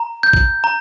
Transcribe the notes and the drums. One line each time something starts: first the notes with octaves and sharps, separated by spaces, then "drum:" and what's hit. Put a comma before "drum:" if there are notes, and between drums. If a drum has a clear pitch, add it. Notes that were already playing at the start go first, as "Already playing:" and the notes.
Already playing: A#5
G6
drum: kick
A#5